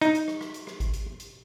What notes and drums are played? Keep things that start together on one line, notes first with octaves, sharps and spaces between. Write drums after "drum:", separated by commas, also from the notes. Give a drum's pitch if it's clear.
D#4, drum: hi-hat
drum: hi-hat
drum: rim click
drum: rim click
drum: hi-hat
drum: rim click
drum: kick G#1, hi-hat
drum: hi-hat
drum: hi-hat